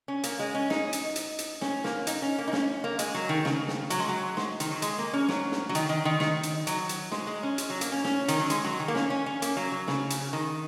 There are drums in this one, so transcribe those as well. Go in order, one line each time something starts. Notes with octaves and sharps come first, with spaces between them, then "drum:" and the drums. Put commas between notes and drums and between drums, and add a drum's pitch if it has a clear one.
C#4
A#3, drum: hi-hat
G#3
C#4
D#4, drum: snare
drum: hi-hat
drum: hi-hat
drum: hi-hat
C#4, drum: snare
A#3, drum: snare
D#4, drum: hi-hat
C#4
A#3
D#4
C#4, drum: snare
A#3
G#3, drum: hi-hat
F#3
D#3
C#3, drum: snare
drum: snare
F#3, drum: hi-hat
G#3
F#3
G#3, drum: snare
D#3, drum: hi-hat
F#3
G#3, drum: hi-hat
A#3
C#4
F#3, drum: snare
drum: snare
F#3
D#3, drum: hi-hat
D#3
D#3
D#3, drum: snare
drum: hi-hat
F#3, drum: hi-hat
drum: hi-hat
G#3, drum: snare
G#3
C#4
drum: hi-hat
F#3
A#3, drum: hi-hat
C#4
C#4, drum: snare
D#3, drum: hi-hat
F#3
G#3, drum: hi-hat
F#3
D#3
A#3
C#4, drum: snare
C#4
C#4
A#3, drum: hi-hat
F#3
F#3
C#3, drum: snare
drum: hi-hat
D#3